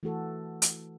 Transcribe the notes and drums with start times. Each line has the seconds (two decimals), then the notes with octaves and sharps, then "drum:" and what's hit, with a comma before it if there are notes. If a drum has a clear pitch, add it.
0.03 E3 A3 F#4 A4
0.62 drum: hi-hat